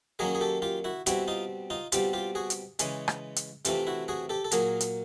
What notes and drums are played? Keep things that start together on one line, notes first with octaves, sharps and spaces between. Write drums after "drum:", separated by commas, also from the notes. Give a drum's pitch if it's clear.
D#3 F#3 A#3 C#4 G#4 A#4
G#4
G4 A4
F4 G4
E4 F#4
B2 G3 C4 E4 F#4, drum: hi-hat
D#4 F4
D#4 F4
B2 G3 C4 F4 G4, drum: hi-hat
F4 G4
F#4 G#4
drum: hi-hat
C#3 E3 G#3 C#4, drum: hi-hat
drum: rim click
drum: hi-hat
C3 E3 A3 C4 F4 G4, drum: hi-hat
E4 F#4
F#4 G#4
G4 A4
A4
A#2 F#3 A#3 G#4 A#4, drum: hi-hat
drum: hi-hat